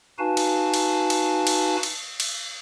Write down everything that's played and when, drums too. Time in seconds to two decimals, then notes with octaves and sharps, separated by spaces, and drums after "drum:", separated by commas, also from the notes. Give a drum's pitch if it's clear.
0.19 D#4 F#4 B4 F5 G#5 A5
0.37 drum: cymbal
0.74 drum: cymbal
1.10 drum: cymbal
1.47 drum: cymbal
1.83 drum: cymbal
2.20 drum: cymbal